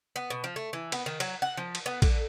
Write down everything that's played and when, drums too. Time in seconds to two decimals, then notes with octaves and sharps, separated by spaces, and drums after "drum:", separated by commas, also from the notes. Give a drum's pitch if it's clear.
0.16 B3
0.30 B2
0.44 F3
0.56 A3
0.73 E3
0.92 B3, drum: cymbal
1.06 D#3
1.20 F#3, drum: cymbal
1.42 F#5
1.57 F3
1.75 drum: cymbal
1.86 B3
2.02 D3, drum: kick, cymbal